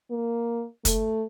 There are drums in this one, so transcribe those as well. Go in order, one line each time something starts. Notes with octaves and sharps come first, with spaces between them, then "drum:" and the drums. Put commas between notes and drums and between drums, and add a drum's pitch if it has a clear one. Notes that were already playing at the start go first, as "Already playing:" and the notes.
A#3
A3, drum: kick, hi-hat